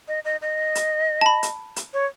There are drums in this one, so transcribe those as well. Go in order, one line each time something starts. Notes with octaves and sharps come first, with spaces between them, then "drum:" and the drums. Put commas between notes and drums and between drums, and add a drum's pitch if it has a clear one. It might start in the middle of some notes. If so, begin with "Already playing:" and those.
D#5
D#5
D#5
drum: hi-hat
A5
B5
drum: hi-hat
drum: hi-hat
C#5